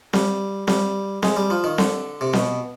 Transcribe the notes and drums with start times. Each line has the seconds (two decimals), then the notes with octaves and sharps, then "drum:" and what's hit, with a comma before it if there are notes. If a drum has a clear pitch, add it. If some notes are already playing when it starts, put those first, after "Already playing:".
0.13 G3, drum: snare C4
0.68 G3, drum: snare C4
1.23 G#3, drum: snare C4
1.36 G3
1.50 F3
1.64 D#3
1.78 D3, drum: snare C4
2.21 C3
2.33 B2, drum: snare C4